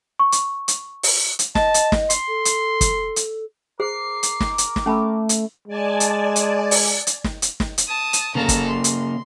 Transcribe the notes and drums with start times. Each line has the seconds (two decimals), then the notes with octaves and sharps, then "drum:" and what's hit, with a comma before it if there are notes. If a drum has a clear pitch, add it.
0.19 C#6
0.32 drum: hi-hat
0.68 drum: hi-hat
1.03 drum: open hi-hat
1.39 drum: hi-hat
1.55 D#5 A5, drum: snare
1.74 drum: hi-hat
1.92 drum: snare
2.10 C6, drum: hi-hat
2.28 A4
2.45 drum: hi-hat
2.81 drum: kick, hi-hat
3.16 drum: hi-hat
3.80 G#4 A#4 C5 D6 C7
4.23 drum: hi-hat
4.40 drum: snare
4.58 drum: hi-hat
4.76 drum: snare
4.86 A3 C#4 A5 B5
5.29 drum: hi-hat
5.68 G#3 D5 G#5 A5
6.00 drum: hi-hat
6.36 drum: hi-hat
6.71 drum: open hi-hat
7.07 drum: hi-hat
7.24 drum: snare
7.42 drum: hi-hat
7.60 drum: snare
7.78 drum: hi-hat
7.88 A5 D#6
8.13 drum: hi-hat
8.35 C#3 A#3 A4 A#5
8.49 drum: kick, hi-hat
8.69 C6
8.84 drum: hi-hat